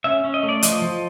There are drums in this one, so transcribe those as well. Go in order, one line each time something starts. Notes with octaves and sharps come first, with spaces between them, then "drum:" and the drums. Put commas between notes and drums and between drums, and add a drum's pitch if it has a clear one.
C#4 E5
C#4
D#5
A3
D5
F3 D#5, drum: hi-hat
F3